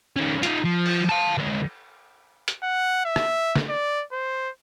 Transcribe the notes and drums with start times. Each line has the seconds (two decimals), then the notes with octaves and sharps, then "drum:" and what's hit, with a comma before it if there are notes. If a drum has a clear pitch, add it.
0.17 D#3 C#4
0.43 D#4 F4, drum: hi-hat
0.65 F3
0.86 drum: cymbal
1.09 F5 A5
1.38 D2 G#3
2.48 drum: hi-hat
2.63 F#5
3.05 E5
3.16 drum: rim click
3.56 drum: snare
3.69 D5
4.12 C5